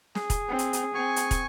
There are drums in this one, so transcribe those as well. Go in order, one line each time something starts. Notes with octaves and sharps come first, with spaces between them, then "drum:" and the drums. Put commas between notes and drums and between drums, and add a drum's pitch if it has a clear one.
G#4, drum: snare
drum: kick, hi-hat
C4
drum: hi-hat
drum: hi-hat
C4 G#5 C#6
drum: hi-hat
drum: kick, hi-hat